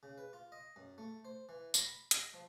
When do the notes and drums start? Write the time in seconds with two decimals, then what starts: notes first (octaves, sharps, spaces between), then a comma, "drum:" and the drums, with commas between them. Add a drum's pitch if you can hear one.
0.03 C#3
0.18 B4
0.33 F4
0.52 D#5
0.76 F#2
0.98 A3
1.25 C5
1.49 E3
1.74 A#5, drum: tambourine
1.85 B5
2.11 D#5, drum: hi-hat
2.34 F3